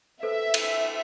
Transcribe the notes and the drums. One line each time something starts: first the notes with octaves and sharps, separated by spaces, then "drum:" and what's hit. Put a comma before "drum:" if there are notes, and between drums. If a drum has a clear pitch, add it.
A4 B4 C5 E5
drum: cymbal